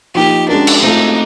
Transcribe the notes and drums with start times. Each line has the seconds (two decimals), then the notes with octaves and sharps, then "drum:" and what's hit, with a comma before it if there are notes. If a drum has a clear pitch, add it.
0.15 F3 A#3 D#4 G4
0.48 G#3 C#4 D4 F#4 A#4
0.67 drum: cymbal
0.82 A3 C4 D#4 F4 A4